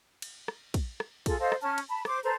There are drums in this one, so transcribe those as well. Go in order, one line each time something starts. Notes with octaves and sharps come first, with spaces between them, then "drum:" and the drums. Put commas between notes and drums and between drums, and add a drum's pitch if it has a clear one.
drum: cymbal
drum: rim click
drum: kick, cymbal
drum: rim click
F4 G#4 A4, drum: kick, cymbal
A4 C5 D#5 F5
drum: rim click
C#4 A5 F6
drum: cymbal
A5 B5
C5 D6, drum: rim click
A4 B4 C5 A#5